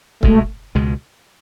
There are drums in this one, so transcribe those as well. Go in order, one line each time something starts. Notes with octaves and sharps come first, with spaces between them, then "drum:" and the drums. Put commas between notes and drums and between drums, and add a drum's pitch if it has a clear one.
C#2 B2 G#3 A3, drum: kick C#1
C#2 B2 G#3